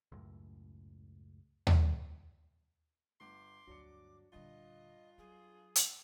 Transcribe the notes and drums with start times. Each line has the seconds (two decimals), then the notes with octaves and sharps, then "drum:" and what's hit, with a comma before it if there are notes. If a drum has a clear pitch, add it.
0.12 C#2 F#2 A2
1.67 drum: tom D#2
3.20 G1 C6 D6
3.67 D2 G2 F#3 D4 C#7
4.33 D#1 G2 D3 F4 D#5
5.18 F#3 G#4
5.76 drum: hi-hat